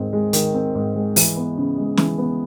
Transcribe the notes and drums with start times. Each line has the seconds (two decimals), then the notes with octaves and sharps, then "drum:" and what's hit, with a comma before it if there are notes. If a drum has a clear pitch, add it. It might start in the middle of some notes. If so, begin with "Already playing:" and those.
Already playing: G#2 D#3 C4
0.13 G#3
0.33 D#3, drum: hi-hat
0.54 C4
0.75 G#2
0.95 G#3
1.16 E3, drum: open hi-hat
1.36 B3
1.58 C#3
1.77 G#3
1.97 E3, drum: snare
2.18 B3